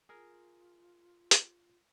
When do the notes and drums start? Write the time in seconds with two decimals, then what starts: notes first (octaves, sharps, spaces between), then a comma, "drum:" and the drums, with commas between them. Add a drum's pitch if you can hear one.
0.09 F4 G#4 A#4
1.31 drum: hi-hat